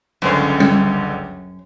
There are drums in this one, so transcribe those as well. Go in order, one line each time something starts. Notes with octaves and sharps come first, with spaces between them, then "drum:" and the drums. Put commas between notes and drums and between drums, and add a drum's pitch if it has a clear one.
G1 C#2 F#2 D3 C#4 C5
drum: tom G3